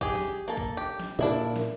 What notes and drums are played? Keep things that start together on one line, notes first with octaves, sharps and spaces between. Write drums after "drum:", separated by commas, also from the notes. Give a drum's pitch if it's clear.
G4 G#4, drum: kick A1
drum: snare
A#3 A4
drum: kick A1
G4
drum: snare
A#2 D4 E4 E5
drum: snare